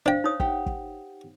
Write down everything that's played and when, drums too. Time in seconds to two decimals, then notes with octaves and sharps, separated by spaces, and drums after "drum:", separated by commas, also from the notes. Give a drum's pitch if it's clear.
0.06 D4 C5 F5 G5
0.24 D#4 C#5 D#6
0.40 G4 F#5, drum: kick
0.66 drum: kick